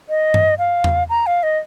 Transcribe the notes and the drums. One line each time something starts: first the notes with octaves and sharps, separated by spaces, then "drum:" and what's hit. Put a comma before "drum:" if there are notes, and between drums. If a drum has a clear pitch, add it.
D#5
drum: tom G2
F5
drum: tom E2
A#5
F5
D#5